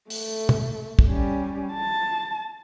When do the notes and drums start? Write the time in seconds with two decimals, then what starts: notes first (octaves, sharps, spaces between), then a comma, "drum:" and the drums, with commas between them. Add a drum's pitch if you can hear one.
0.10 A3, drum: open hi-hat
0.49 drum: tom
0.99 drum: kick
1.08 G3 C#4
1.73 A5